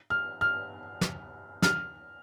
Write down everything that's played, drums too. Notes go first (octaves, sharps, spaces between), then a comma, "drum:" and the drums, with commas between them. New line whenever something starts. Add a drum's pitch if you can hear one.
F6
F6
drum: snare
F6, drum: snare